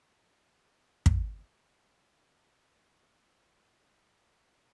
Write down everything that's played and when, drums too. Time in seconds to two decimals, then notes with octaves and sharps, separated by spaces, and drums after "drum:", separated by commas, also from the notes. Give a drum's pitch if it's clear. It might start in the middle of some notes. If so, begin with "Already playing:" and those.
0.53 C#6 D6 F#6 G6 A#6 C7
1.06 drum: kick
1.52 D4 E5 G#6 E7
2.44 C4
2.69 C#6
2.83 G6
3.24 B4
3.40 E2
3.70 E7
3.89 A4
4.19 A5
4.51 A3